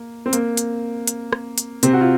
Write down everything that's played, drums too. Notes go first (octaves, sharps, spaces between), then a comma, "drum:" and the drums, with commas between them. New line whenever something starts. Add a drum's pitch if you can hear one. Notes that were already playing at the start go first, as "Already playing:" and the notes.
Already playing: A#3
C4
A#3, drum: hi-hat
drum: hi-hat
drum: hi-hat
drum: rim click
drum: hi-hat
C3 C4, drum: hi-hat
F#4
F4